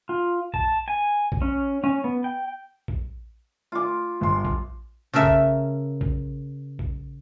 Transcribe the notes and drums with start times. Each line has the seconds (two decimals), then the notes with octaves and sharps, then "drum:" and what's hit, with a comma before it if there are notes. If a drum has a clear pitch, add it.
0.09 F4
0.54 A5, drum: kick A#1
0.88 G#5
1.32 drum: kick A#1
1.42 C#4
1.84 C#4
2.04 B3
2.24 G5
2.88 drum: kick A#1
3.72 F4 D6
4.21 G1 C6
4.45 drum: kick A#1
5.13 C#3 A4 A#4 E5
5.23 drum: kick A#1
6.01 drum: kick A#1
6.79 drum: kick A#1